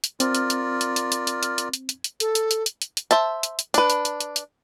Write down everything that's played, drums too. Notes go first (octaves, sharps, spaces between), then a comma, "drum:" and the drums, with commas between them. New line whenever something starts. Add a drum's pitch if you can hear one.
drum: hi-hat
C4 F4 A#4 D5, drum: hi-hat
drum: hi-hat
drum: hi-hat
drum: hi-hat
drum: hi-hat
drum: hi-hat
drum: hi-hat
drum: hi-hat
drum: hi-hat
drum: hi-hat
drum: hi-hat
drum: hi-hat
A4, drum: hi-hat
drum: hi-hat
drum: hi-hat
drum: hi-hat
drum: hi-hat
drum: hi-hat
C5 E5 A5, drum: hi-hat
drum: hi-hat
drum: hi-hat
D4 B4, drum: hi-hat
drum: hi-hat
drum: hi-hat
drum: hi-hat
drum: hi-hat